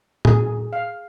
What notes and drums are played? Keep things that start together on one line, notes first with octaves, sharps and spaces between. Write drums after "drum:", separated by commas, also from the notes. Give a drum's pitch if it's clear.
G#4, drum: tom
F5